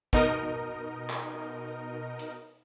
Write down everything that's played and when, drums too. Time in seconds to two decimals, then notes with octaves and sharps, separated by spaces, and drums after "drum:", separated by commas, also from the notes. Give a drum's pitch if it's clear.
0.13 B2 D#4 A#4 D#5, drum: kick
1.10 drum: clap
2.19 drum: hi-hat